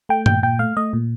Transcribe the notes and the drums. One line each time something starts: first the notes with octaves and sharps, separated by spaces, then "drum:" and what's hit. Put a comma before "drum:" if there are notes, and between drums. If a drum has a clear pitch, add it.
A3 G5
A#2 G5, drum: tom G2
A#2 G5
A3 F5
A3 D#5
A#2